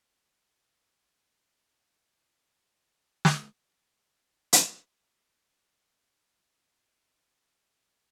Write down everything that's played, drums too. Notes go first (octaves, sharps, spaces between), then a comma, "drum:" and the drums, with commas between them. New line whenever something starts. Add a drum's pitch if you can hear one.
A#5
G4
C#5
B4
C5
drum: snare
D3
drum: hi-hat
B4
E3 A3 F4 A5
C#3 F3 F#3 C#5 E5
C4 C#4 A5